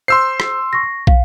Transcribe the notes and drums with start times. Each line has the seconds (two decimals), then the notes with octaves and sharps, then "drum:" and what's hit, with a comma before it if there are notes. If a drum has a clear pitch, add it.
0.08 C5 C6 E6 G6 C7
0.40 drum: rim click
0.73 C#6 A#6
1.07 F5, drum: kick